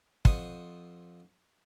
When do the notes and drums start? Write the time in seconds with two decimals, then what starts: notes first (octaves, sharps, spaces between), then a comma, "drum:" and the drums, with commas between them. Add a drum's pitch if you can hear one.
0.25 F2 C5 F#5 C#6 D#6, drum: kick